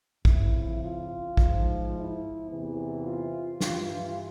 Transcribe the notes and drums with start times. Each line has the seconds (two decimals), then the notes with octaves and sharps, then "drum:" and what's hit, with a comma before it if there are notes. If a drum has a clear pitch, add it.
0.25 F2 C#3 F3 E4, drum: kick
0.81 F4
1.37 G#2 F3, drum: kick
1.93 E4
2.49 E2 C3 E3
3.05 F4
3.61 G2 E3 F4, drum: snare